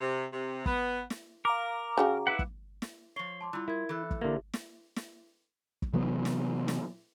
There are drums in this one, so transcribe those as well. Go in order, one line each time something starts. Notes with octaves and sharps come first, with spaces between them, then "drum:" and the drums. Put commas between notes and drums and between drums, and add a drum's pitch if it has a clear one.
C3
C3
B3, drum: kick
drum: snare
A#4 F5 A#5 D6
C#3 F#4 G4
E4 B4 F#5
drum: kick
drum: snare
F3 C#5 C7 G7
A5 C6 D6
G3 E4 F4 E6 F#6
E4 A#4 G#6
E3 A4 B5 F#6
drum: kick
D3 A#3 E4 G4 E5
drum: snare
drum: snare
drum: kick
C3 E3 F#3 B3
drum: snare
drum: snare